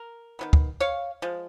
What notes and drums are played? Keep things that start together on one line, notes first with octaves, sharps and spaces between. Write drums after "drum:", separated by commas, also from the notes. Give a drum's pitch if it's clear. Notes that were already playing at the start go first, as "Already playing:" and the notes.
Already playing: A#4
D#3 F#3 B3
drum: kick
C#5 F5
F3 G#3